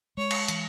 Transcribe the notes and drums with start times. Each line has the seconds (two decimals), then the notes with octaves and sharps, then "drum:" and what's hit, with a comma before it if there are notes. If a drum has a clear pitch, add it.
0.17 G#3 C#5
0.31 drum: cymbal
0.48 E3, drum: hi-hat